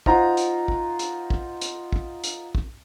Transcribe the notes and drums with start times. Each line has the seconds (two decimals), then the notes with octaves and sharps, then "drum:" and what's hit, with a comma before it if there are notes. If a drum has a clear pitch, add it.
0.06 D#4 F4 C5 F#5 A#5, drum: kick
0.37 drum: hi-hat
0.68 drum: kick
0.99 drum: hi-hat
1.30 drum: kick
1.61 drum: hi-hat
1.93 drum: kick
2.24 drum: hi-hat
2.55 drum: kick